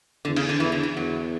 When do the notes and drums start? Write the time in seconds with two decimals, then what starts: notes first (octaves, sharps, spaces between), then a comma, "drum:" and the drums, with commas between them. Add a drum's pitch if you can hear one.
0.25 E2 D3
0.36 C#3, drum: cymbal
0.49 D3
0.60 E2 E3
0.72 D3
0.83 E3
0.96 E2 F#3